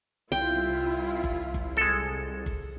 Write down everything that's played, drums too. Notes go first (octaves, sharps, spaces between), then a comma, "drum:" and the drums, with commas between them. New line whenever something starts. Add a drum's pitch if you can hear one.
C2 E4 F4 G5
drum: kick G1
drum: kick G1
G#3 A4
drum: kick G1